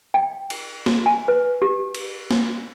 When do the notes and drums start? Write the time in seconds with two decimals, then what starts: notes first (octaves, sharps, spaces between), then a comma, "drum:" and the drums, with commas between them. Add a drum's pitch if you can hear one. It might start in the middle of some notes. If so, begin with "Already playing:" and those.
0.14 G5
0.50 drum: cymbal
0.86 drum: snare
1.06 G#5
1.28 B4
1.62 G4
1.95 drum: cymbal
2.31 drum: snare